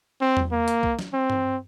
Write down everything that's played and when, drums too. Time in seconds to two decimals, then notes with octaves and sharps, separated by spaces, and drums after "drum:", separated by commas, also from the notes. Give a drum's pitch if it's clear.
0.21 C4
0.37 drum: tom E2
0.52 A#3
0.68 drum: hi-hat
0.83 drum: kick C2
0.99 drum: snare
1.14 C4
1.30 drum: tom G2